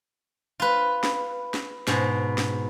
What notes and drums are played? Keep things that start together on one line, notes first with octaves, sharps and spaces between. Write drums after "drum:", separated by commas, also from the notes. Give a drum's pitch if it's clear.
F4 B4
drum: snare
drum: snare
G#2 B2, drum: snare
drum: snare